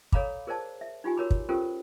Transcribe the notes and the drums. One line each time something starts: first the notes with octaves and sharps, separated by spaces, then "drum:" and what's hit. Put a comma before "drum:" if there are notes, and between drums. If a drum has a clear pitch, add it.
A4 C#5 F5 A#5 B5 D6, drum: kick
G#4 A#4 C5 D5 A5
E5
D#4 F4 G4 G#5
F#4 A#4 C#5 A#5 B5 D6
drum: kick
C#4 F4 G4 A4 A#4 C5